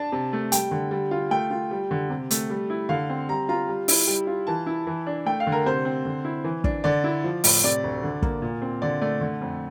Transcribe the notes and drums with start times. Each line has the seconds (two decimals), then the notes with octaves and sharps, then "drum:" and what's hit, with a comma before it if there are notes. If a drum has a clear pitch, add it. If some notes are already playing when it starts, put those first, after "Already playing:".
Already playing: D4 A5
0.12 C3
0.33 A3
0.52 G3 G5, drum: hi-hat
0.71 D3
0.91 G3
1.11 F4
1.31 A3 G5
1.50 F4
1.71 G3
1.91 D3
2.10 C3
2.31 A3, drum: hi-hat
2.50 G3
2.70 E4
2.89 D3 F5
3.10 C4
3.29 G3 A#5
3.49 F4 A#5
3.69 G3
3.88 E4, drum: open hi-hat
4.07 G3
4.27 F4
4.47 E3 A5
4.66 E4
4.87 E3
5.07 D4
5.26 A3 G5
5.40 F5
5.47 D3
5.52 A#4
5.66 C3 C5
5.85 C4
6.05 D3
6.25 E4
6.44 E3
6.64 D4, drum: kick
6.84 D3 D5
7.04 E4
7.24 F3
7.44 A2, drum: open hi-hat
7.64 C3 D5
7.83 D2
8.03 D3
8.22 A#3, drum: kick
8.42 A#2
8.62 C4
8.82 D3 D5
9.01 A3 D5
9.21 D3
9.41 F2